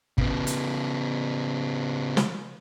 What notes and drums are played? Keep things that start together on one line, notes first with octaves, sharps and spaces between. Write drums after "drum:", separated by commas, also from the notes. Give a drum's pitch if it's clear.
C#3 B3, drum: kick
drum: hi-hat
drum: snare